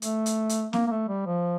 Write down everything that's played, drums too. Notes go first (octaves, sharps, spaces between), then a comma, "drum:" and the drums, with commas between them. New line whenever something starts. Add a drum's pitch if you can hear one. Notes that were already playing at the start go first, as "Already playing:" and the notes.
A3, drum: hi-hat
drum: hi-hat
drum: hi-hat
A#3, drum: snare C4
A#3
A3
G3
F3